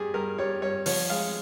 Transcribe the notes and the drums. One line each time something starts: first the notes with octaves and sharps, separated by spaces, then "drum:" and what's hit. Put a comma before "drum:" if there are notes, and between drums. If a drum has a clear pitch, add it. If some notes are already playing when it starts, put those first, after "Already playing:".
Already playing: G2 G3 G#4
G2 A#4
G3 C#5
G2 C#5
F3 C#5, drum: open hi-hat
G#3 F5